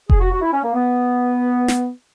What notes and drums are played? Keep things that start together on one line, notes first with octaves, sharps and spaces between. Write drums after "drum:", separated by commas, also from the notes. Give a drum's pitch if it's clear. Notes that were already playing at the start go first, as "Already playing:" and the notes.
G#4, drum: kick F1
F#4
F#4
E4
C#4
A#3
B3
drum: snare